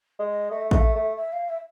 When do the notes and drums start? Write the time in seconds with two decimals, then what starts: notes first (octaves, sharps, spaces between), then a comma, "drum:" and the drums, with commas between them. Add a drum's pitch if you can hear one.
0.19 G#3
0.30 D#5
0.51 A3 D#5
0.61 E5
0.71 A3 D#5, drum: kick A1
0.79 F5
0.84 E5
0.95 A3
1.16 E5
1.32 F5
1.49 E5